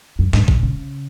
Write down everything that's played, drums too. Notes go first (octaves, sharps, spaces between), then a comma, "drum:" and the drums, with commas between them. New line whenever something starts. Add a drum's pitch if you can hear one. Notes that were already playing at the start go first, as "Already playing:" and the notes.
F#2
G#2, drum: snare
A#2, drum: kick
C#3